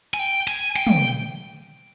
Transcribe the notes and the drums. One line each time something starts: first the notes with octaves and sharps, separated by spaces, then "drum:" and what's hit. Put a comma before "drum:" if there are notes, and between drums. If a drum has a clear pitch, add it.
G#5
G5
G#5
G5
drum: tom